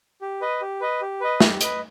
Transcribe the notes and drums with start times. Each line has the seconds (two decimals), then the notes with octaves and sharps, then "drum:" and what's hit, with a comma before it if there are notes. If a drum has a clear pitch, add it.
0.21 G4
0.41 B4 D#5
0.61 G4
0.81 B4 D#5
1.01 G4
1.21 B4 D#5
1.40 G4, drum: snare
1.61 B4 D#5, drum: hi-hat